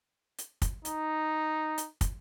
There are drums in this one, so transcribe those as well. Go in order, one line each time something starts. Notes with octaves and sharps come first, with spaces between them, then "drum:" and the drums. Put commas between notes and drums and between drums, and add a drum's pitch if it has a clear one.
drum: hi-hat
drum: kick, hi-hat
D#4, drum: hi-hat
drum: hi-hat
drum: kick, hi-hat